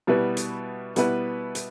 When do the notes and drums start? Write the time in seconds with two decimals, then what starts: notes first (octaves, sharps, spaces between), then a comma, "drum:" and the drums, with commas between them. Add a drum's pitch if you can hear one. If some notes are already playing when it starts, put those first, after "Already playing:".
0.07 B2 G3 B3 E4 B4
0.37 drum: hi-hat
0.96 B2 G3 B3 E4 B4, drum: hi-hat
1.55 drum: hi-hat